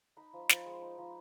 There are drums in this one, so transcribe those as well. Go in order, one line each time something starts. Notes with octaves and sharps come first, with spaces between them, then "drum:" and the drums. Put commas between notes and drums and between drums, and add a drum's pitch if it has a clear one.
D#4 B5
F3
F3, drum: snare
G#3
D#4
F3